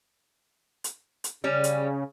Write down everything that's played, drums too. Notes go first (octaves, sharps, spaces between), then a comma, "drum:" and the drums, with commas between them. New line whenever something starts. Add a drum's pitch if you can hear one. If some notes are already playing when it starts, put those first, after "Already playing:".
drum: hi-hat
drum: hi-hat
C#3 G3 C#4
drum: hi-hat